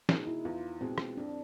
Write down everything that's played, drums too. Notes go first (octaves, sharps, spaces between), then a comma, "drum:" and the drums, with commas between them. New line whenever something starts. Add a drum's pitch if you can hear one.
B2 G#3 D#4, drum: snare
E4
E2 F4
B2 G#3 C4
drum: rim click
F2 D4